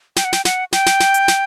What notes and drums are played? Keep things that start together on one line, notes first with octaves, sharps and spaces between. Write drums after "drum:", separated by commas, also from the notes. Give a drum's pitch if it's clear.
G5, drum: snare
F#5
G5, drum: snare
F#5, drum: snare
G5, drum: snare
drum: snare
drum: snare
drum: hi-hat
drum: snare